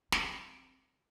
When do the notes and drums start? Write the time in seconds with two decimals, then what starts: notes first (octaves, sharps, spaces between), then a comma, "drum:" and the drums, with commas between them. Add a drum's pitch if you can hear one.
0.12 C4, drum: snare